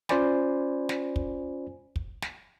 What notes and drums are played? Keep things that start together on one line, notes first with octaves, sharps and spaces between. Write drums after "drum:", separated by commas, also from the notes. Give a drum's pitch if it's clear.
C#4 F4 C5 D5 G#5 B5, drum: snare
drum: snare
drum: kick
drum: kick
drum: snare